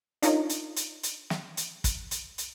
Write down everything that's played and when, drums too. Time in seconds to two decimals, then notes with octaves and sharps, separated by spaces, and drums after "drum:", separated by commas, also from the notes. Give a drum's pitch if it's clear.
0.22 D4 D#4 F4 A#4 C#5 D#5, drum: hi-hat
0.49 drum: hi-hat
0.76 drum: hi-hat
1.03 drum: hi-hat
1.30 drum: snare
1.57 drum: hi-hat
1.84 drum: kick, hi-hat
2.11 drum: hi-hat
2.38 drum: hi-hat